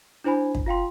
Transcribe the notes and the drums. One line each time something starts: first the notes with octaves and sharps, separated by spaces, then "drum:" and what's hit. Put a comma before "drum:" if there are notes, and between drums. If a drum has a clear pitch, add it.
D4 E4 C5 G#5 B5
drum: kick
F4 F5 G5 C6